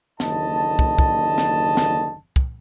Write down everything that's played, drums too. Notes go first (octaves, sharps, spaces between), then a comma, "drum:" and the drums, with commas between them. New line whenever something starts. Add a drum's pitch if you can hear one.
F#1 D#2 D3 D#5 A5, drum: snare
drum: kick
drum: kick
drum: snare
drum: snare
drum: kick